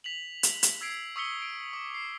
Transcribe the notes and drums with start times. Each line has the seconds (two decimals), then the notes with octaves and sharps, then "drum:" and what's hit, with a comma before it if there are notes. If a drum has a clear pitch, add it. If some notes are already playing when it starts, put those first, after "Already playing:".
0.04 B6 F7 F#7
0.43 drum: hi-hat
0.63 drum: hi-hat
0.81 E6 G#6 B6 C7 D7
1.16 C#6 D#6 E6 B6 C#7 G7
1.42 D7
1.73 D6
1.94 C7